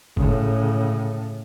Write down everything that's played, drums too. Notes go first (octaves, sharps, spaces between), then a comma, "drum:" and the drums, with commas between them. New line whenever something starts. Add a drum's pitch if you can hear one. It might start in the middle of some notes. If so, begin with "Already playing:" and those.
A2 C#3, drum: kick F#1